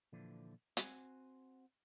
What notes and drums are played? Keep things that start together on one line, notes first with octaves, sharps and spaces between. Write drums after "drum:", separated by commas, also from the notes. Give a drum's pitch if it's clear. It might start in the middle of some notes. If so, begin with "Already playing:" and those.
A#2 D3 E3 F3
C4 F#4 G#5, drum: hi-hat